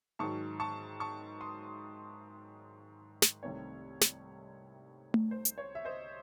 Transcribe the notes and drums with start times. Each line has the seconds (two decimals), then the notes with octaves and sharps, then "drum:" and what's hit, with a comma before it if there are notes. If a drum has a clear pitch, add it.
0.19 G#2 D#3 F#3 A5 C#6
0.60 A5 C#6
1.00 A5 C#6
1.41 C6 D#6
3.22 drum: snare
3.43 C2 C3 D#3 A3 C4 C#5
4.01 drum: snare
5.14 drum: tom A3
5.31 C5
5.45 drum: hi-hat
5.58 C#5
5.75 E5
5.85 C5 D#5